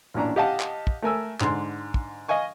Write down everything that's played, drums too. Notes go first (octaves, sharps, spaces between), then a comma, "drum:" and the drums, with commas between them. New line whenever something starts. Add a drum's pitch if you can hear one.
A1 A#2 C#4 D4 A#5
G4 D#5 F5 F#5 A5
drum: clap
drum: kick
A3 A#4 G#5 E6
G#2 D3 C6, drum: clap
drum: kick
D#5 F5 G#5 C#6